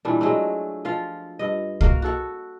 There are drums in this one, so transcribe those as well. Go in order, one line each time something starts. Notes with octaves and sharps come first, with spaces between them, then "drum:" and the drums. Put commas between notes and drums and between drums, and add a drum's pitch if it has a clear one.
A#2 E3 G3 D4
F#3 G#3 A3
F3 F4 F5
G2 D#5
A#3 F#4 A#4 F5, drum: kick C2
F#4 A4 F#5